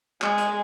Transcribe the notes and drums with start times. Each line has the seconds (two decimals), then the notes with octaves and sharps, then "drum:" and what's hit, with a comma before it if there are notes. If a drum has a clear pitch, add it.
0.22 G#3, drum: clap
0.38 drum: hi-hat